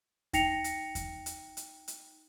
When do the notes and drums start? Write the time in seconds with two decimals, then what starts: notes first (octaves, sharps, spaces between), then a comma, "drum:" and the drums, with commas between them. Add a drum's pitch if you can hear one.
0.33 D#4 G5 A#6 C7 C#7 F7, drum: kick E2, hi-hat
0.64 drum: hi-hat
0.95 drum: kick E2, hi-hat
1.26 drum: hi-hat
1.57 drum: hi-hat
1.88 drum: hi-hat